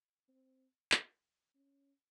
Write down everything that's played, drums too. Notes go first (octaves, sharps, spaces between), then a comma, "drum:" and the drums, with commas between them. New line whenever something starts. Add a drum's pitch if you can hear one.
C4
drum: clap
C#4